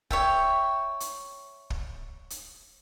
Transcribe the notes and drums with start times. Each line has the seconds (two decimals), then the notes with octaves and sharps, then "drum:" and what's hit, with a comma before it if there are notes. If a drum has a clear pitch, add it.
0.10 C#5 E5 G5, drum: kick
1.00 drum: hi-hat
1.70 drum: kick
2.30 drum: hi-hat